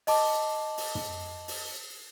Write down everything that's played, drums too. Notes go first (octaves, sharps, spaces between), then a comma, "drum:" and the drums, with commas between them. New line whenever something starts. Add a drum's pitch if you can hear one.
D#5 A5 D6, drum: open hi-hat
drum: open hi-hat
drum: tom
drum: open hi-hat